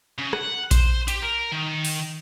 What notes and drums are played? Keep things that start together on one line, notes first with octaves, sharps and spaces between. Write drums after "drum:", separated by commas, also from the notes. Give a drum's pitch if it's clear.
C#3
F#5, drum: rim click
C5, drum: kick A#1, hi-hat
G4, drum: hi-hat
A#4
D#3
drum: open hi-hat